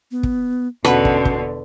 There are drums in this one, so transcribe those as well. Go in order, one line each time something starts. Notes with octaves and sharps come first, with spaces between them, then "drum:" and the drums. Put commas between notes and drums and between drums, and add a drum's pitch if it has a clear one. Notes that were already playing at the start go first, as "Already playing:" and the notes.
B3
drum: kick
E2 B2 D3 C#4 F#4 B4 F#5 A5, drum: rim click
drum: kick
drum: kick